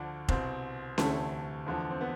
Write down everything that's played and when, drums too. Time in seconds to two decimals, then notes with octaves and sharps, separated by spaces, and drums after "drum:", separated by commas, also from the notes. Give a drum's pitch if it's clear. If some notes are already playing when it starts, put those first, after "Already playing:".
Already playing: D2 D3 F3 D4
0.28 C2 B2 C4, drum: kick F1
0.98 D2 C3 E3 A3, drum: snare C#4
1.67 E2 D3 F3
1.91 C4
2.01 B3